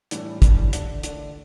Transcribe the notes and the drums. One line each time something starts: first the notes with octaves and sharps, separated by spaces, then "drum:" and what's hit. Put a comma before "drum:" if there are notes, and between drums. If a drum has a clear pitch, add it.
A2 E3 G3 D4, drum: hi-hat
A2 E3 G3 D4, drum: kick, hi-hat
D3 A3 D4, drum: hi-hat
D3 A3 D4, drum: hi-hat